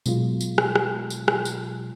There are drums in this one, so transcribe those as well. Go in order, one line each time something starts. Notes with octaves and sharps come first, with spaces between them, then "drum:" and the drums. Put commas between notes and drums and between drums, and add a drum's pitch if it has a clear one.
B2 F#3 G#3 F4, drum: tambourine
drum: tambourine
drum: rim click
drum: rim click
drum: tambourine
drum: rim click
drum: tambourine